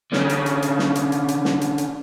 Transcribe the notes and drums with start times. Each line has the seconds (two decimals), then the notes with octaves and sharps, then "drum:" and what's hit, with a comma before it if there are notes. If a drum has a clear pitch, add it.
0.13 D3 C#4, drum: snare
0.29 drum: hi-hat
0.46 drum: hi-hat
0.62 drum: hi-hat
0.79 drum: snare
0.95 drum: hi-hat
1.12 drum: hi-hat
1.28 drum: hi-hat
1.45 drum: snare
1.61 drum: hi-hat
1.78 drum: hi-hat